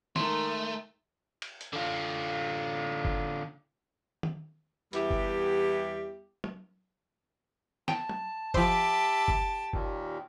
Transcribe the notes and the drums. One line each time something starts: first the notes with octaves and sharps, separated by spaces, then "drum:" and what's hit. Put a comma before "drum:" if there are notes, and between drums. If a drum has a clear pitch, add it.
D#3 G#3 A3 D#4 C6, drum: snare
drum: cymbal
drum: hi-hat
D3 F4
drum: kick G1
drum: tom
E2 G3 B3 E4 G4 E5, drum: hi-hat
drum: kick G1
drum: tom
G5 A5, drum: snare
drum: tom
F3 G4 C5 E5 A5 B5 D6, drum: kick G1
drum: kick G1
D#2 A#2 D#3, drum: kick G1